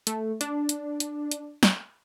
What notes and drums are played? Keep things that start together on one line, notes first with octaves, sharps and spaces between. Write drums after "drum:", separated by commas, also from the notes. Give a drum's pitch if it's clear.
A3, drum: hi-hat
D4, drum: hi-hat
drum: hi-hat
drum: hi-hat
drum: hi-hat
drum: snare